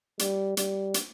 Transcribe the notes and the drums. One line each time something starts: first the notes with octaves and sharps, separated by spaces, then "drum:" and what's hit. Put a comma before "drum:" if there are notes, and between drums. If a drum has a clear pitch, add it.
G3, drum: hi-hat
G3, drum: hi-hat
drum: hi-hat